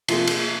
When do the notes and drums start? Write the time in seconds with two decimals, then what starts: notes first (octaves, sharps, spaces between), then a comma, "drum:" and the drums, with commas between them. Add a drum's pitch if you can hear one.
0.08 C3 F3 A#3 F4 G#4, drum: cymbal
0.27 drum: cymbal